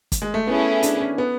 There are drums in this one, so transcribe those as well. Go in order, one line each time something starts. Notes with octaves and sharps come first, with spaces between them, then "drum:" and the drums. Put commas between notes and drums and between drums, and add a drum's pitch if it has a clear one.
drum: kick, hi-hat
G#3
A3
A3 B3 C#4 E4 G#4
D4, drum: hi-hat
C#4
B3